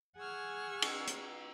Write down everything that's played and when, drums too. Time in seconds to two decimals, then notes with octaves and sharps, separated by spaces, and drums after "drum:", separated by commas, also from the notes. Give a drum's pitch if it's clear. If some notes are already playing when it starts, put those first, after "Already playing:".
0.18 G#4 F#5 G#5 C#6 E6 F6
0.82 drum: cymbal
1.07 drum: hi-hat